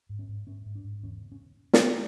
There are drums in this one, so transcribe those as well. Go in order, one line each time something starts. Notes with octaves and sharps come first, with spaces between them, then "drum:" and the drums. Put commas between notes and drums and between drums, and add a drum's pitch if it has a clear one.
G#2
C#4
G#2
G#2 C#4
G#2
D4
G#2
E2 C#4
C#3
C#4
drum: snare